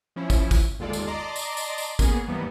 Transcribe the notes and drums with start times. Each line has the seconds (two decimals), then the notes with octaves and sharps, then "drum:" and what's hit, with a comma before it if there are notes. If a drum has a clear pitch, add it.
0.16 F3 C#4 E4
0.30 drum: kick, tambourine
0.51 drum: kick, tambourine
0.79 G1 D#2 G#3 F4 A4 D5
0.93 drum: tambourine
1.07 D5 D#5 A5 A#5 C6 D6
1.36 drum: tambourine
1.57 drum: tambourine
1.78 drum: tambourine
1.99 A#3 B3 C#4 G#4, drum: kick, tambourine
2.27 D#2 G#2 E3 G3 A#3 B3